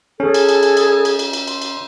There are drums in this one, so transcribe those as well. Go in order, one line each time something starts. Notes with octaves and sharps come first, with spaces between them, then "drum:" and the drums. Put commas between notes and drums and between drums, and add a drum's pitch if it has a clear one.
C#4 G#4 A4
drum: cymbal
drum: cymbal
drum: cymbal
drum: cymbal
drum: cymbal
drum: cymbal
drum: cymbal
C6, drum: cymbal
drum: cymbal